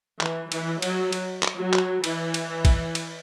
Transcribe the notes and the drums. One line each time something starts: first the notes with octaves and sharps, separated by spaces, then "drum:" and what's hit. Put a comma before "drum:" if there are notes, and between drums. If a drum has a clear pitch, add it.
E3, drum: clap
E3, drum: cymbal
F#3, drum: cymbal
drum: cymbal
drum: clap
F#3
drum: clap
E3, drum: cymbal
drum: cymbal
drum: kick, cymbal
drum: cymbal